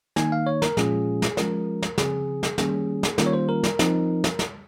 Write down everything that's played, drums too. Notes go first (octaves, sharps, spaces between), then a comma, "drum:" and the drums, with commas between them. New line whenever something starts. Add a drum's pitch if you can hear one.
D#3 A#3 D#4 G#5, drum: snare
F5
C#5
A#4, drum: snare
A#2 F3 G#3 C#4 F4 G#4, drum: snare
drum: snare
F3 G#3 C#4 F4 A#4, drum: snare
drum: snare
C#3 F3 C4 G#4, drum: snare
drum: snare
D#3 G3 A#3 C#4 G#4, drum: snare
drum: snare
D#3 G3 A#3 C#4 F4 A#4, drum: snare
C#5
C5
A#4
drum: snare
F3 C4 D#4, drum: snare
drum: snare
drum: snare